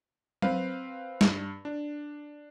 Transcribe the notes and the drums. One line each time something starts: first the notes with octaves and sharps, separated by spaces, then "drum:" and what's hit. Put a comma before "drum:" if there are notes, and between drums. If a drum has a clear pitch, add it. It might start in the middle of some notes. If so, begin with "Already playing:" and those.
C4 B4 F5, drum: tom F#3
G2, drum: snare
D4